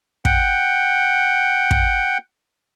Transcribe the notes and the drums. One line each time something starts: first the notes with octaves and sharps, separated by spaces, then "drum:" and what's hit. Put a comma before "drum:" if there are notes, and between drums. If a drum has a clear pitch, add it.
F#5 G5, drum: kick
drum: kick